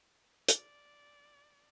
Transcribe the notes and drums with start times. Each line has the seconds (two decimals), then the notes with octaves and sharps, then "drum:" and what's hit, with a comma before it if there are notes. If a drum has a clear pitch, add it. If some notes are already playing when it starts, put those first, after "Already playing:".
0.48 D5, drum: hi-hat